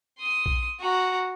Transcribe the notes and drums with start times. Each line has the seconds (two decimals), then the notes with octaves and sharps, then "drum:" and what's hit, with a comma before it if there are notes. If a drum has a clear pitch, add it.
0.20 C6 D#6
0.46 drum: kick
0.79 F#4 A#5